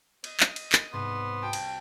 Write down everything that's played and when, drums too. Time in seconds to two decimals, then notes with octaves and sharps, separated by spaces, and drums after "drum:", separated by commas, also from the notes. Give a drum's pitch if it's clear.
0.24 D#5, drum: cymbal
0.40 drum: clap
0.56 drum: cymbal
0.72 drum: clap
0.93 C2 G#2 B3 C6
1.42 F#4 G5 A5
1.53 drum: cymbal